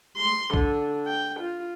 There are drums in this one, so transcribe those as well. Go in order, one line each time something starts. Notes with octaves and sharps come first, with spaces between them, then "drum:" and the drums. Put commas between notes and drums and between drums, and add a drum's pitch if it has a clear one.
C6
D3, drum: kick
G5
F4